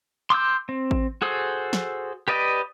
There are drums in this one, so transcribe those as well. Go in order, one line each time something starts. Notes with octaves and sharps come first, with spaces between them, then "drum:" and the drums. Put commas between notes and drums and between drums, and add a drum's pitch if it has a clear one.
C6 D6 E6 G6
C4
drum: kick A1
F#4 G#4 A4 C5
drum: snare
G4 B4 D5 D#5